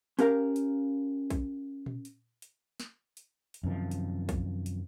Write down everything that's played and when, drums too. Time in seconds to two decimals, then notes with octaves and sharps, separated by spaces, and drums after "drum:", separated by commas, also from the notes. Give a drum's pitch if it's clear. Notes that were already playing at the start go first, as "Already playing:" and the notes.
0.19 C#4 G4 A#4 F5 A#5, drum: hi-hat
0.56 drum: hi-hat
1.30 drum: kick A#1, hi-hat
1.86 drum: tom A#2
2.05 drum: hi-hat
2.42 drum: hi-hat
2.80 drum: snare
3.17 drum: hi-hat
3.54 drum: hi-hat
3.63 F#2 C3 D#3 F3
3.91 drum: hi-hat
4.29 drum: kick A#1, hi-hat
4.66 drum: hi-hat